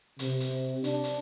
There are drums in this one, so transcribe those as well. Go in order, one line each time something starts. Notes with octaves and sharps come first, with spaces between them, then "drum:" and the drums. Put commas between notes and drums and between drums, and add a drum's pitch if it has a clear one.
C3, drum: hi-hat
drum: hi-hat
D4, drum: hi-hat
drum: hi-hat